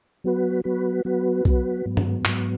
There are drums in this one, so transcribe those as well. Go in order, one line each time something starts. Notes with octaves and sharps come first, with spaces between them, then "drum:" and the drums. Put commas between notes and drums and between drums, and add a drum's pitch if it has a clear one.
F#3 B3 F#4 B4
F#3 B3 F#4 B4
F#3 B3 F#4 B4
F#3 B3 F#4 B4, drum: kick B1
G#2 F#3 B3
drum: tom G2
G#2 F#3 B3, drum: clap